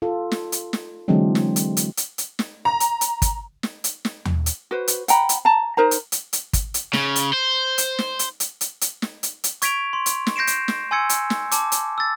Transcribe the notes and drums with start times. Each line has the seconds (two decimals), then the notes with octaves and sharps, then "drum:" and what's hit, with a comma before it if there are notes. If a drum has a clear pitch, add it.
0.02 F4 A4
0.31 drum: snare
0.52 drum: hi-hat
0.73 drum: snare
1.08 D3 E3 F#3 G#3 C4 D4
1.35 drum: snare
1.56 drum: hi-hat
1.77 drum: hi-hat
1.97 drum: hi-hat
2.18 drum: hi-hat
2.39 drum: snare
2.65 A#5
2.80 drum: hi-hat
3.01 drum: hi-hat
3.22 drum: kick, hi-hat
3.63 drum: snare
3.84 drum: hi-hat
4.05 drum: snare
4.25 drum: tom
4.46 drum: hi-hat
4.71 F#4 B4 C5
4.88 drum: hi-hat
5.08 F#5 G5 A#5 B5, drum: hi-hat
5.29 drum: hi-hat
5.45 A5 A#5
5.77 D#4 A#4 C5 A#5
5.91 drum: hi-hat
6.12 drum: hi-hat
6.33 drum: hi-hat
6.53 drum: kick, hi-hat
6.74 drum: hi-hat
6.93 C#3, drum: snare
7.16 drum: hi-hat
7.33 C5
7.78 drum: hi-hat
7.99 drum: snare
8.19 drum: hi-hat
8.40 drum: hi-hat
8.61 drum: hi-hat
8.81 drum: hi-hat
9.02 drum: snare
9.23 drum: hi-hat
9.44 drum: hi-hat
9.62 C#6 G#6 B6 D7 F7, drum: hi-hat
9.93 C6
10.06 drum: hi-hat
10.27 drum: snare
10.36 G6 A#6 C7 D7 E7
10.47 drum: hi-hat
10.68 drum: snare
10.91 G#5 C6 E6 G#6 C#7
11.09 drum: hi-hat
11.30 drum: snare
11.51 A5 D6, drum: hi-hat
11.72 drum: hi-hat
11.98 E6 A6